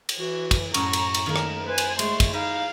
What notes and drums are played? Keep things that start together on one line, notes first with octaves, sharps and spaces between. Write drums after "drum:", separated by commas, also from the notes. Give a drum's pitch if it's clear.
drum: cymbal
E3 F#4
drum: kick, cymbal
F#2 A2 A#5 C#6, drum: cymbal
drum: cymbal
drum: cymbal
D#3 A3 A#3 A#4
drum: rim click
B4 C5 G#5
drum: cymbal
G#3 A3 C6, drum: cymbal
drum: kick, cymbal
D#4 B4 F5